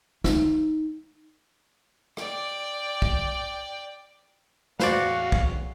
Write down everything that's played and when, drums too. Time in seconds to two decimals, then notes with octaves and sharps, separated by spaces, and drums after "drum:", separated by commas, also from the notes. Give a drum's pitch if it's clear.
0.24 D#4, drum: snare
2.17 D5 G5, drum: rim click
3.02 drum: kick
4.80 E2 A2 C3 F#4 B4 C5 D5 F5, drum: snare
5.32 drum: kick